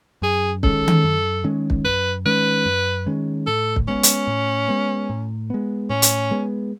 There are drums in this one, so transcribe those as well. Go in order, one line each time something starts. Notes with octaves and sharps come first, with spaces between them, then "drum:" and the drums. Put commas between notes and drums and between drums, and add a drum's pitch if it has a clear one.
F#2 G#4
D#3 G#3 C#4 A4, drum: kick
drum: tom D#3
F#2
D#3 G#3 C#4
drum: kick
F#2 B4
D#3 G#3 C#4 B4
F#2
D#3 G#3 C#4
A2 A4
drum: kick
G#3 B3 C#4
drum: hi-hat
A2
G#3 B3
A2
G#3 B3
A2 C#4
drum: hi-hat
G#3 B3